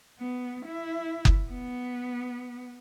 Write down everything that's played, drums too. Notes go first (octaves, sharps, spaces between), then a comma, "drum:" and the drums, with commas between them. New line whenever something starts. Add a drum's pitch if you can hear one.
B3
E4
drum: kick F#1
B3